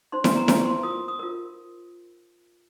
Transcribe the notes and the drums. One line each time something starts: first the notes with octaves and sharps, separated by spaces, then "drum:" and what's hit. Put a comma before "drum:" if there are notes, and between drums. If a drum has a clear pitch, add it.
D#4 C5 C6
C6, drum: snare E4
A#5
F4 C5, drum: snare E4
C6
F4 A#4 D#6
D#6
F4 A#4